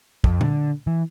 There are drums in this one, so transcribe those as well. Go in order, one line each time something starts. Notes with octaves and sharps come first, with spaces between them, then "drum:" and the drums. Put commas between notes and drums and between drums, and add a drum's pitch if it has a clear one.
F2, drum: kick
D3, drum: tom A#2
E3